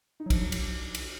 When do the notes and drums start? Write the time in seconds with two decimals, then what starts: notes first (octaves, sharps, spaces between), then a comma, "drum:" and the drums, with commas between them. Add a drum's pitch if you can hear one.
0.20 D#4
0.26 F#3
0.30 F3 D4, drum: kick, cymbal
0.41 F#3
0.52 drum: cymbal
0.95 drum: cymbal